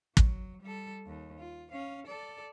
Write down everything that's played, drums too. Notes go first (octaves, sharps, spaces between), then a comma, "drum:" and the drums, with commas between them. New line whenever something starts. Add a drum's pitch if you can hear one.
F#3, drum: kick
G3 A4
D#2
F4
C#4 F5
A4 D5